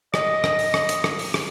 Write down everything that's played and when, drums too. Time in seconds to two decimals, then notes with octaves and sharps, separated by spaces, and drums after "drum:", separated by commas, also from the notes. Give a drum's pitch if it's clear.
0.14 D#5, drum: rim click
0.44 drum: rim click
0.59 drum: open hi-hat
0.74 drum: rim click
0.89 drum: hi-hat
1.04 drum: rim click
1.19 drum: open hi-hat
1.34 drum: rim click